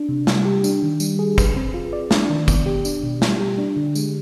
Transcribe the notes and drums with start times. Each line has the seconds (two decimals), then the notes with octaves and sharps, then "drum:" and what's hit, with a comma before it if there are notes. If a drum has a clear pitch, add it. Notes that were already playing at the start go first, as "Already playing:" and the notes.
Already playing: D4
0.09 C3
0.27 G3, drum: snare
0.45 G4
0.64 D4, drum: tambourine
0.82 D#3
1.00 G3, drum: tambourine
1.19 G#4
1.38 B4, drum: kick, tambourine
1.56 C4
1.74 F4
1.93 D5
2.11 D4, drum: snare
2.30 D#3
2.48 B3, drum: kick, tambourine
2.66 G4
2.85 D4, drum: tambourine
3.03 B2
3.22 G3, drum: snare
3.40 G4
3.58 D4
3.77 D3
3.95 G#3, drum: tambourine